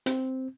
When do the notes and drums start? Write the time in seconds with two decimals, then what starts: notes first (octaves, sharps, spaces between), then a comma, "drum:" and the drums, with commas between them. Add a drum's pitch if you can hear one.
0.06 C4, drum: hi-hat